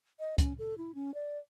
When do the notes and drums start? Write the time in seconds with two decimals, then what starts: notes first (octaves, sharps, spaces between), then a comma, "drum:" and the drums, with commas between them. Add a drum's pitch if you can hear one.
0.20 D#5
0.38 C#4, drum: kick, hi-hat
0.59 A4
0.78 E4
0.95 C#4
1.14 D5